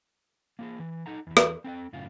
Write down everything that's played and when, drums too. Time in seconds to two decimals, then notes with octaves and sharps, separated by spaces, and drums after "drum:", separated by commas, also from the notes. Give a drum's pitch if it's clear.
0.59 A#3 F4 G4 G#4
0.80 E3
1.06 D#4 A4 F#5 A#5
1.27 E2 E3
1.37 drum: rim click
1.64 C4 A4 E5 G5
1.93 F#2 A2 C#3 F4